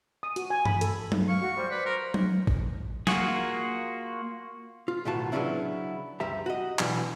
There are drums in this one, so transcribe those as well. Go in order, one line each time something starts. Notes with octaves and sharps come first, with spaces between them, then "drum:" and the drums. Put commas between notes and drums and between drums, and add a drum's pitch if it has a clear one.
D#6
F#4, drum: hi-hat
G#5
B5, drum: tom G2
A4, drum: hi-hat
drum: tom F#3
F5 C#6
F#4
G3 C5
B4 D5
A#4 C5
drum: tom F#3
drum: kick A1
A#3 F4 F#4 G#4, drum: snare
F4
B1 A2 D#3 F4 F#4 A5
C#3 F#3 B3 C#4 D4 E4
C#2 F#2 G3 G4 E5 A#5
F#4 D#5
B2 D3 E3 F#3 G3, drum: clap